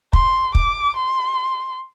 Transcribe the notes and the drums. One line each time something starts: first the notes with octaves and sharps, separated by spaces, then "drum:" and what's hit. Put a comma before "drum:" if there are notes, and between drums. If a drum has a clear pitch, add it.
C6, drum: kick
D6, drum: kick
C6